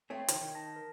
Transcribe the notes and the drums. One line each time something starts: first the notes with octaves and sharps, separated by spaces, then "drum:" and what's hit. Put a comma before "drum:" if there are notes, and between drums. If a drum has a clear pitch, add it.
A3 C4 G#4 C#5 G5
D#3, drum: hi-hat
D#3
A5 A#6
A#4